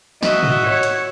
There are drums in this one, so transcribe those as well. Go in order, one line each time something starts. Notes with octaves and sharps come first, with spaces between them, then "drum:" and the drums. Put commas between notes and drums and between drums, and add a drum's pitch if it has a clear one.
F#4 D#5 E5, drum: snare
drum: tom
C#5
drum: hi-hat